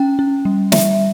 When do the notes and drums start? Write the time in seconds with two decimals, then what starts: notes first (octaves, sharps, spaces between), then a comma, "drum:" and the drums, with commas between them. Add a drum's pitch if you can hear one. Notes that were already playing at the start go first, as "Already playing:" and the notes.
Already playing: C#4 G5
0.19 C#4
0.45 G3
0.72 G3 E5, drum: snare